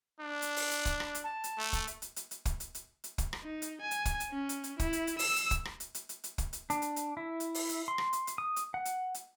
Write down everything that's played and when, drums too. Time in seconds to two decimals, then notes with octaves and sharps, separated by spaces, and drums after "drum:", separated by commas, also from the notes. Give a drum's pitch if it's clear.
0.20 D4
0.42 drum: hi-hat
0.56 drum: open hi-hat
0.71 drum: hi-hat
0.85 drum: kick, hi-hat
1.00 drum: rim click
1.15 drum: hi-hat
1.24 A5
1.44 drum: hi-hat
1.58 A3
1.73 drum: kick, hi-hat
1.87 drum: hi-hat
2.02 drum: hi-hat
2.16 drum: hi-hat
2.31 drum: hi-hat
2.45 drum: kick, hi-hat
2.60 drum: hi-hat
2.75 drum: hi-hat
3.04 drum: hi-hat
3.18 drum: kick, hi-hat
3.33 drum: rim click
3.42 D#4
3.62 drum: hi-hat
3.82 G#5
3.91 drum: hi-hat
4.05 drum: kick, hi-hat
4.20 drum: hi-hat
4.31 C#4
4.49 drum: hi-hat
4.64 drum: hi-hat
4.79 E4, drum: kick, hi-hat
4.93 drum: hi-hat
5.07 drum: hi-hat
5.19 E6, drum: open hi-hat
5.36 drum: hi-hat
5.51 drum: kick, hi-hat
5.65 drum: rim click
5.80 drum: hi-hat
5.95 drum: hi-hat
6.09 drum: hi-hat
6.24 drum: hi-hat
6.38 drum: kick, hi-hat
6.53 drum: hi-hat
6.70 D4, drum: hi-hat
6.82 drum: hi-hat
6.96 drum: hi-hat
7.17 E4
7.40 drum: hi-hat
7.54 drum: open hi-hat
7.69 drum: hi-hat
7.88 C6
7.98 drum: rim click
8.13 drum: hi-hat
8.27 drum: hi-hat
8.38 D#6
8.56 drum: hi-hat
8.74 F#5
8.85 drum: hi-hat
9.14 drum: hi-hat